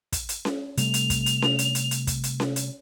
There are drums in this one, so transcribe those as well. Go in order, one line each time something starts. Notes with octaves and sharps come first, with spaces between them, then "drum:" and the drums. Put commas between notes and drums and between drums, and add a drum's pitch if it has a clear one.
drum: kick, hi-hat
drum: hi-hat
drum: snare C#4
C3 G3 A3 F7, drum: hi-hat
drum: hi-hat
drum: kick, hi-hat
drum: hi-hat
drum: snare C#4
drum: hi-hat
drum: hi-hat
drum: hi-hat
drum: kick, hi-hat
drum: hi-hat
drum: snare C#4
drum: hi-hat